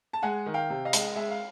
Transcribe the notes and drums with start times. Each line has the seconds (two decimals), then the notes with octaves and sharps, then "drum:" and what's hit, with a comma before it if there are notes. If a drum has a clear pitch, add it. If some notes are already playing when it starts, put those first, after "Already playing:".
0.13 A5
0.22 G#3 F#5 G#5
0.46 D#3
0.54 F5 G5
0.70 C3
0.85 D#5 F5
0.93 G#3, drum: hi-hat
1.16 G#3 E5
1.31 F5